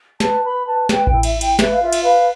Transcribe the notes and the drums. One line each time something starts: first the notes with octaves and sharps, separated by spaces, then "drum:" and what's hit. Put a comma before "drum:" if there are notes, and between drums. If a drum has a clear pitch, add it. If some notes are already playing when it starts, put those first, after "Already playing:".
B4 A5, drum: snare
B4 B5
B4 A5
B4 G5, drum: snare
G5, drum: kick A1
E4
E5, drum: cymbal
E4
G5, drum: cymbal
B4 E5, drum: snare
F5
F4 E5
drum: cymbal
B4 F5